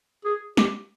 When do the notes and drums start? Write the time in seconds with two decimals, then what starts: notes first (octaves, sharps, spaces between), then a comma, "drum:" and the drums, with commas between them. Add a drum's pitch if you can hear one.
0.25 G#4
0.57 G4, drum: snare